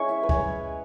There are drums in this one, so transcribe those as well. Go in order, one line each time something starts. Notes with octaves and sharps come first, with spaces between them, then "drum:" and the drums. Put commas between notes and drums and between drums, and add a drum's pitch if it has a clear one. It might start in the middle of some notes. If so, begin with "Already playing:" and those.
Already playing: G#3 C#4 E4 C#6
E5
B4
G#3 C#4 E4 C#5, drum: kick